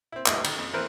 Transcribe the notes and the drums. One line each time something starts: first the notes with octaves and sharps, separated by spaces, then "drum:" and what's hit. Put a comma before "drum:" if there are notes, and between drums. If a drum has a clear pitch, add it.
C4 E4
D2 G2 E4 D#5, drum: clap
D#3, drum: cymbal
F2
E3 C4 A#4 B4